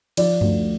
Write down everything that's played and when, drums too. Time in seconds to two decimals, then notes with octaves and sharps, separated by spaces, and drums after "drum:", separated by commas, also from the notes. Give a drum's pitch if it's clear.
0.17 F3 D5, drum: cymbal
0.41 D2, drum: tom F#2